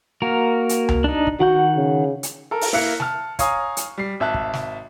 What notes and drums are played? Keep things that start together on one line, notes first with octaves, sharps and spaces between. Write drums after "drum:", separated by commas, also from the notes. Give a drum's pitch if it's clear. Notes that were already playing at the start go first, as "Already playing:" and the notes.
A#3 F#4 A#4
drum: hi-hat
drum: tom C#2
D4 D#4
drum: kick
D#3 F#4 F#5 G6
C#3
drum: hi-hat
A4 A#4
drum: open hi-hat
A#3 E4 F5 F#6 C#7
A5 F6, drum: snare
C#5 F5 G#5 A#5 C#6 D#6, drum: kick, hi-hat
drum: hi-hat
G3 C7
G#1 E5 A5 F#6
drum: kick
drum: snare